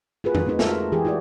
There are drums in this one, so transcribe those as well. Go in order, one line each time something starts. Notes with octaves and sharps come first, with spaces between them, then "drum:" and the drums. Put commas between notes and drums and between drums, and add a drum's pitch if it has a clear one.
F4 F#4 G#4 A#4 B4
drum: tom F2
A3 C4 D#4 B4
G#3 F4 F#4 A4 A#4 E5, drum: snare
E3 G4 G#4
E4 F#4 D5